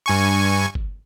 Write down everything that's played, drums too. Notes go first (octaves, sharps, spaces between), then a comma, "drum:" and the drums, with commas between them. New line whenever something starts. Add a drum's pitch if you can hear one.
G2 G#5 C#6
drum: kick